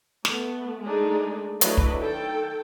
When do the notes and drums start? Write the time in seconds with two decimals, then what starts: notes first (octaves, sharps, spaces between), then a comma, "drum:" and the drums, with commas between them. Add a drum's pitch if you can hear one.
0.25 A3 B3, drum: snare
0.82 G#3 A3 D4 D#4 G#4
1.61 F#3 A3 D4 E4 B4 D#5, drum: hi-hat
1.77 drum: kick
1.99 D#3 A4 G5